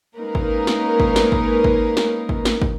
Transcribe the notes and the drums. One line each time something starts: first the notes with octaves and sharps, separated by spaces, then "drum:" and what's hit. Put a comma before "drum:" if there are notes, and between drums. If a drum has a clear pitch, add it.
G#3 A#3 C#4 D#4 A#4 B4
drum: kick
drum: snare
drum: kick
drum: snare
drum: kick
drum: kick
drum: snare
drum: kick
drum: snare
drum: kick